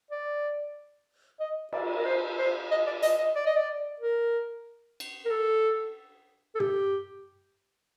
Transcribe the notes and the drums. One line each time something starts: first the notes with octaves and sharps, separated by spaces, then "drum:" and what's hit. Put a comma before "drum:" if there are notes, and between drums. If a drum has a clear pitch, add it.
D5
D#5
D5, drum: cymbal
A#4
C5
C5
D#5
D5
D#5, drum: hi-hat
D#5
D5
D#5
D5
A#4
drum: cymbal
A#4
A4
A4
G4, drum: tom